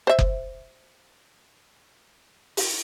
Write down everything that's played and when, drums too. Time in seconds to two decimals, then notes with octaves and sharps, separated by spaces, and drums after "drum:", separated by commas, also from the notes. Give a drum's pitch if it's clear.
0.07 C5 E5
0.19 drum: kick F#1
2.57 drum: open hi-hat